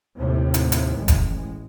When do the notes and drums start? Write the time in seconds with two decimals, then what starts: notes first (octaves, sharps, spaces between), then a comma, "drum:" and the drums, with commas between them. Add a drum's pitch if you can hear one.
0.18 D#2 A2 C3
0.54 drum: hi-hat
0.72 drum: hi-hat
0.98 A1 G#3
1.08 drum: kick, hi-hat